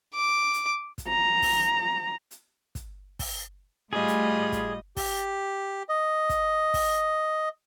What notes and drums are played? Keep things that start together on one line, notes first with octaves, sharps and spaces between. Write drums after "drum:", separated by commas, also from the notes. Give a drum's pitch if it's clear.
D6
drum: hi-hat
drum: kick, hi-hat
A#5
drum: kick, open hi-hat
drum: hi-hat
drum: kick, hi-hat
drum: kick, open hi-hat
A2 G3 F4 G#4 D#5 B5
drum: hi-hat
drum: kick, hi-hat
G4, drum: kick, open hi-hat
D#5
drum: kick, hi-hat
drum: kick, open hi-hat